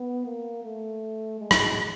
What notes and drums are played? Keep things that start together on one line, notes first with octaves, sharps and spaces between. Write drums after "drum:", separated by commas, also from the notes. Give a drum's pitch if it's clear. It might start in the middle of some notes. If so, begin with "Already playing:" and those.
Already playing: B3
A#3
A3
G#3
drum: rim click